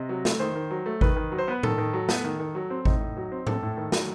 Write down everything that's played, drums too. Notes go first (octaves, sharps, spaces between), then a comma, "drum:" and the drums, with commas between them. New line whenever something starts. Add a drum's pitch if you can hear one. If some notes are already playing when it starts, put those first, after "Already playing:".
Already playing: C3 D#5
F#3
A3, drum: snare
D#3 C5
D#3
F#3
A3
D#3 B4, drum: kick G#1
D#3
F#3
C5
B3 B4
D#3 A4, drum: tom A2
D#3
F#3
B3, drum: snare
D#3
D#3
F#3
C4
A2 D#4, drum: kick G#1
A2
F#3
C4
A2 A4, drum: tom G#2
A2
D#3
F#3, drum: snare